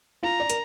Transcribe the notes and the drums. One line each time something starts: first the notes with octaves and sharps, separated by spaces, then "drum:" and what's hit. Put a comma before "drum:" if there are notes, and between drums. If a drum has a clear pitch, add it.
F4 A#5
D5
A#4, drum: hi-hat